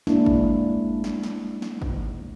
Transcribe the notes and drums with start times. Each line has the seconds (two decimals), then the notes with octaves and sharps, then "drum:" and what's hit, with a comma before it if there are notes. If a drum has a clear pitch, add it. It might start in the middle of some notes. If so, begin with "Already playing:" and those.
0.07 G#3 A#3 D4 E4, drum: snare
0.26 drum: kick
1.04 drum: snare
1.23 drum: snare
1.62 drum: snare
1.82 drum: kick